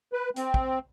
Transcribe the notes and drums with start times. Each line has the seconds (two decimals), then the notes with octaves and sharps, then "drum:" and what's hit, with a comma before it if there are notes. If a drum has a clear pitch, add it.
0.13 B4
0.36 C4, drum: hi-hat
0.54 drum: kick